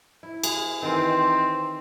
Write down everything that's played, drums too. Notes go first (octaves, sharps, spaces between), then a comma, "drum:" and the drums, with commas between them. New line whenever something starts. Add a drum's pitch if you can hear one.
E4
G#4, drum: cymbal
D#3 E3 C4